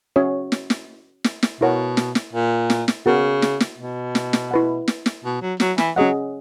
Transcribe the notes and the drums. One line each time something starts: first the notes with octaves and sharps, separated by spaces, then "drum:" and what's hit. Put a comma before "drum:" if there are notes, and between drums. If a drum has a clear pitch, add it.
C#4 F#4 C#5 E5
drum: snare
drum: snare
drum: snare
drum: snare
B2 E4 A#4 C#5 F#5
drum: snare
drum: snare
A#2
drum: snare
drum: snare
C#3 B3 F#4 A#4
drum: snare
drum: snare
B2
drum: snare
drum: snare
E4 B4 F#5
drum: snare
drum: snare
B2
F#3
F#3, drum: snare
E3, drum: snare
F#3 C#4 G#4 D#5 F#5